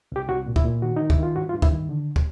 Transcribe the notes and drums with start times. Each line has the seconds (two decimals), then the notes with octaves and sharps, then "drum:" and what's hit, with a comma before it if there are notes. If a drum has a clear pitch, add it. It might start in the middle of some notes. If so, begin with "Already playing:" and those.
0.12 C2 G4
0.29 C2 F#4
0.46 A#2
0.56 E4, drum: kick
0.65 A#2
0.82 D#3 F#4
0.96 D#3 D#4
1.10 E4, drum: kick
1.18 D#3 F4
1.36 G2 F#4
1.49 F4
1.53 G2
1.62 E4, drum: kick
1.71 D#3
1.89 D3
2.16 drum: kick